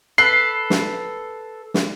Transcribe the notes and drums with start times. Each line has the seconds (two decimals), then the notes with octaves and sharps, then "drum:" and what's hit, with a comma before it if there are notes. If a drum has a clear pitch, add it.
0.18 A4 B4 C7
0.70 drum: snare
1.74 drum: snare